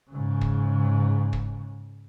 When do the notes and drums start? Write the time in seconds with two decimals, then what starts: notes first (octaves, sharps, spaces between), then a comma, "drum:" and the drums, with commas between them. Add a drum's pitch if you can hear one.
0.11 G#2 C#3
0.41 drum: kick
1.33 drum: kick